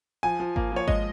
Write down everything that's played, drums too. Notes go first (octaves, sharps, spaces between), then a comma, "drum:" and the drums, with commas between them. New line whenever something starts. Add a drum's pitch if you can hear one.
F3 G#5
F3
A#3, drum: kick G#1
F3 C#5
G#3 D#5, drum: kick G#1